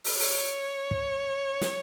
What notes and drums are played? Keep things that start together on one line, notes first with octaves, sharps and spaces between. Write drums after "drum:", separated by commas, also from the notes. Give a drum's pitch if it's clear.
drum: open hi-hat
C#5, drum: open hi-hat
drum: kick
drum: snare